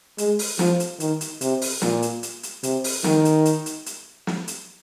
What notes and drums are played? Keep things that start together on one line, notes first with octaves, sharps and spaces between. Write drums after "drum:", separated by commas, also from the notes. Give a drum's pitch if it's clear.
G#3, drum: hi-hat
drum: open hi-hat
F3, drum: snare
drum: hi-hat
D#3, drum: hi-hat
drum: hi-hat
C3, drum: hi-hat
drum: open hi-hat
A#2, drum: snare
drum: hi-hat
drum: hi-hat
drum: hi-hat
C3, drum: hi-hat
drum: open hi-hat
D#3, drum: snare
drum: hi-hat
drum: hi-hat
drum: hi-hat
drum: hi-hat
drum: snare
drum: hi-hat